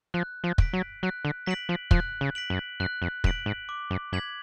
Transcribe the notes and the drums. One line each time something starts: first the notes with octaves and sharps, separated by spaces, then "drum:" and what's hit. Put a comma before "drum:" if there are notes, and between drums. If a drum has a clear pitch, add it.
F3 F#6
F3
B6 D7 F#7, drum: kick
F#3
F#3 F#6
D3
F#3 B6 D7 F#7
F3
F3 F#6, drum: kick
C#3
B6 D7 F#7
F#2
F#2 F#6
F2
F#2 B6 D7 F#7, drum: kick
G#2
D6
F#2
F#2 G#6 B6 F#7